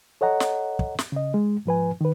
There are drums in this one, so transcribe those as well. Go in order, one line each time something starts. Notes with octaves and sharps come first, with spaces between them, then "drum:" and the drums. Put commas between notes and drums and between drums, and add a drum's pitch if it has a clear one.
A4 C#5 D#5 F#5 A#5
drum: snare
drum: kick
drum: snare
C#3 D#5
G#3
G#2 F3 B4 G#5
D#3 B4